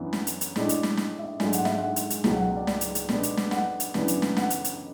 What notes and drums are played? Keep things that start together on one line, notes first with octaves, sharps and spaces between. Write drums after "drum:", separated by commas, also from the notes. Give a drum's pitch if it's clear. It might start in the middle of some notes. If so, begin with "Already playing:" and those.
Already playing: F#2 E3 B3 D4
drum: snare
drum: hi-hat
drum: hi-hat
A2 G#3 D4, drum: snare
drum: hi-hat
drum: snare
drum: snare
E5
G#2 F#3 A3 D4 G#5, drum: snare
F#5, drum: hi-hat
E5, drum: snare
F#5
drum: hi-hat
drum: hi-hat
C#2 B2 F#3, drum: snare
F#5
D5
D5, drum: snare
drum: hi-hat
drum: hi-hat
B2 G#3 B3 D4, drum: snare
drum: hi-hat
drum: snare
F#5, drum: snare
drum: hi-hat
F#2 C#3 E3 B3 D4, drum: snare
drum: hi-hat
drum: snare
F#5, drum: snare
drum: hi-hat
drum: hi-hat